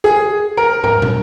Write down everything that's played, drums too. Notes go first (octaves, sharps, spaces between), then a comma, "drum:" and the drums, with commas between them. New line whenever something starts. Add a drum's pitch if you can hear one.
G#4
A#4
A#4, drum: tom
drum: tom